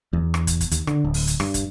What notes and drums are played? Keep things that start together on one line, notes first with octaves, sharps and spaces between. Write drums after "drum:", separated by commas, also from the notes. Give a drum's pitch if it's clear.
E2
drum: rim click
drum: kick, hi-hat
drum: kick, hi-hat
D#2, drum: hi-hat
D3, drum: rim click
D1
drum: open hi-hat
drum: hi-hat
G2, drum: rim click
drum: kick, hi-hat